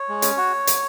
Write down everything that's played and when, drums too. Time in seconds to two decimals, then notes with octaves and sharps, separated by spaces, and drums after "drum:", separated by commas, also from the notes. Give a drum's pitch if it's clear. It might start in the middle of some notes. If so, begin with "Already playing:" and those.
Already playing: C#5
0.09 G#3
0.22 C#4, drum: hi-hat
0.37 F#4
0.67 drum: hi-hat